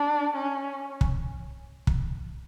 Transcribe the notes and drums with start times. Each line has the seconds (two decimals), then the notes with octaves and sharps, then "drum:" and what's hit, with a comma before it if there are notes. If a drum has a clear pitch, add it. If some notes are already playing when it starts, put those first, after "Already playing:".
Already playing: D4
0.36 C#4
1.01 drum: kick
1.87 drum: kick